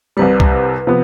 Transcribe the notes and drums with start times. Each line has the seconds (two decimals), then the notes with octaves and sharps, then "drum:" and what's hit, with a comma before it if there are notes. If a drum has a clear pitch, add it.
0.17 C2 C3 G3 B4
0.40 drum: kick C2
0.87 C3 F3 B3